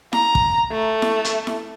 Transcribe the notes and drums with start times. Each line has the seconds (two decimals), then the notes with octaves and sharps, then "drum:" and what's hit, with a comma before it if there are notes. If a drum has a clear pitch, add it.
0.13 A#5, drum: snare E4
0.35 drum: kick
0.71 A3
1.02 drum: snare E4
1.25 drum: hi-hat
1.47 drum: snare E4